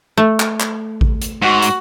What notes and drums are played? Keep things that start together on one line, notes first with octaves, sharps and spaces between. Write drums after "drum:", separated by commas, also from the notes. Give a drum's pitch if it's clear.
A3
drum: clap
drum: clap
drum: kick A1
drum: hi-hat
G#2 F#4
drum: hi-hat